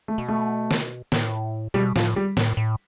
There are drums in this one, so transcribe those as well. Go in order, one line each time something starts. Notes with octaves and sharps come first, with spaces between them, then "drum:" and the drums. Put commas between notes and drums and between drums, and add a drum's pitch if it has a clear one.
A3
B2
A3
drum: snare
A2, drum: snare
B2 G3
A2 F3, drum: snare
G3
A2, drum: snare
A2